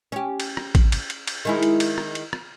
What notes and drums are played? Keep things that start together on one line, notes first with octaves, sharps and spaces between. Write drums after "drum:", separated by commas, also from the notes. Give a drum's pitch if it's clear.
C#4 G4
drum: cymbal
drum: rim click
drum: kick A1, cymbal
drum: cymbal
drum: cymbal
drum: cymbal
D#3 G#3 E4
drum: cymbal
drum: cymbal
drum: rim click
drum: cymbal
drum: rim click